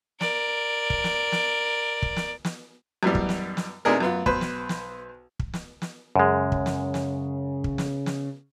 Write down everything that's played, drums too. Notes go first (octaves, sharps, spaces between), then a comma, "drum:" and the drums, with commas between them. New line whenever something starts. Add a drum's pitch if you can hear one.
A#4 D5, drum: snare
drum: kick
drum: snare
drum: snare
drum: kick
drum: snare
drum: snare
F#2 B2 E3 G3
drum: kick
drum: snare
drum: snare
C3 B3 D4 D#4 G#4 A#4
F#2 B3 F4
B1 B4 C5, drum: kick
drum: snare
drum: snare
drum: kick
drum: snare
drum: snare
F#2 C#3 G#3
drum: kick
drum: snare
drum: snare
drum: kick
drum: snare
drum: snare